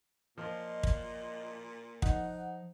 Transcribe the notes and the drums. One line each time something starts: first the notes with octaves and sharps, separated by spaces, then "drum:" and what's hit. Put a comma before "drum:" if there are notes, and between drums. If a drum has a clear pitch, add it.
A#2 F3 D#5
drum: kick
F3 D#4 F#5, drum: kick